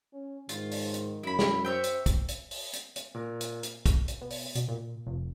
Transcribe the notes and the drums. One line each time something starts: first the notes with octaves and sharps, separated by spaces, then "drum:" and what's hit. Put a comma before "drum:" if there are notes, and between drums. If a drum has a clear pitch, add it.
C#4
G#2 D#3 F4, drum: hi-hat
drum: open hi-hat
drum: hi-hat
F#2 E4 B5
drum: snare
C5 C#5 E5 G5
drum: hi-hat
drum: kick, hi-hat
drum: hi-hat
drum: open hi-hat
drum: hi-hat
drum: hi-hat
A#2 A#4
drum: hi-hat
drum: hi-hat
drum: kick, hi-hat
drum: hi-hat
B2
drum: open hi-hat
B2, drum: hi-hat
A#2
F1